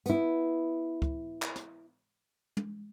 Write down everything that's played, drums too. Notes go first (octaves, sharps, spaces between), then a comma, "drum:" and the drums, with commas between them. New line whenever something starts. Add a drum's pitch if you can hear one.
B3 E4, drum: hi-hat
drum: kick
drum: clap
drum: snare
drum: tom